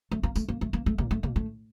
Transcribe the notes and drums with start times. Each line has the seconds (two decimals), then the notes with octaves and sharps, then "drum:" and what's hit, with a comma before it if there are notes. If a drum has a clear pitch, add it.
0.11 A3
0.23 A#3
0.36 A3, drum: tambourine
0.48 A#3
0.61 A3
0.73 A#3
0.86 A3
0.98 A#3, drum: tom
1.11 A3
1.23 A#3, drum: tom
1.36 A3